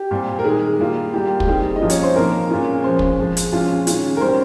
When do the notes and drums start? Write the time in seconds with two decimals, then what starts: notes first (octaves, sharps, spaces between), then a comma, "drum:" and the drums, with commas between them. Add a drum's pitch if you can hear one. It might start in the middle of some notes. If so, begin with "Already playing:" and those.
Already playing: G4
0.11 A#2 G3 C4
0.39 A#4
0.44 D#3 G#3 D#4 G#4
0.79 G3 A#3 F4
1.14 G3 A#3 F4 G4
1.40 G4, drum: kick
1.47 G3 C4 D#4 G#4
1.76 D#5
1.81 A#2 F3 A#3 C#4 F4
1.90 C#5, drum: hi-hat
2.03 C5
2.15 C3 F3 A#3 D#4 A#4
2.50 A#2 G#3 C#4 F4
2.84 F3 G#3 C#4 C5
2.99 drum: kick
3.19 C3 F3 G#3
3.37 drum: hi-hat
3.52 A#2 F3 G#3 C#4 F4
3.87 D#3 G#3 C#4 F4, drum: hi-hat
4.17 A#4
4.21 C3 D#3 G3 C#4 C5